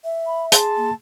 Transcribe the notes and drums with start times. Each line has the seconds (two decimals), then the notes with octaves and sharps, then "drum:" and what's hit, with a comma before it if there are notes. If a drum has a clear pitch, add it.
0.04 E5
0.27 B5
0.52 G#4 A5 C6, drum: hi-hat
0.77 A#3